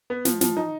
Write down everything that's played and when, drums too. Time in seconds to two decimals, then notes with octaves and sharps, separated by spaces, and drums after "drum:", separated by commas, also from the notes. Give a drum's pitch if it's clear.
0.10 B3
0.25 F3, drum: snare
0.41 F3, drum: snare
0.57 D#4